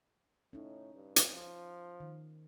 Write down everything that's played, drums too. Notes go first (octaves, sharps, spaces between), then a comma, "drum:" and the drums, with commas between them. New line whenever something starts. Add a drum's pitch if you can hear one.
A2 C#4 D#4
G2
drum: hi-hat
F3
D#3